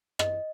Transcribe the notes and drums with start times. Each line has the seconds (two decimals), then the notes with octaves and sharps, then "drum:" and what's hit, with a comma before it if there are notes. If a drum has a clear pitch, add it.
0.19 D#5, drum: rim click